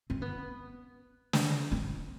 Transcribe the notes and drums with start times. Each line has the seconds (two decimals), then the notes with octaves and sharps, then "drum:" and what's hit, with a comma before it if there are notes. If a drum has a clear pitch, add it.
0.10 C4
0.22 B3
1.33 drum: snare
1.72 C4